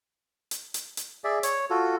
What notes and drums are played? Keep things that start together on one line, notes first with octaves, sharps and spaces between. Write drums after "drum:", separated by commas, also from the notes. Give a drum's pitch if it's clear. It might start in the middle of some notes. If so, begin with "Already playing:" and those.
drum: hi-hat
drum: hi-hat
drum: hi-hat
G#4 D5 E5
C#5, drum: hi-hat
F4 F#4 A4